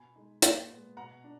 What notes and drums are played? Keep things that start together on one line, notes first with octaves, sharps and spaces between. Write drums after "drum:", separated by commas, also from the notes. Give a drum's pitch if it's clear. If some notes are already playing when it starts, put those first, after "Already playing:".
Already playing: B2 G#5 B5
G#3 D#4
A#2, drum: hi-hat
G#3 B3
B2 F#5 A#5
D4